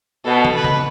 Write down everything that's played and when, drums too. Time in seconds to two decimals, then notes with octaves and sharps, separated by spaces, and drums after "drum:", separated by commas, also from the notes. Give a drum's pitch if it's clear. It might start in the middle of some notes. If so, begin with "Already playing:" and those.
0.25 B2 A4
0.45 drum: tom
0.55 B4
0.64 drum: tom C#3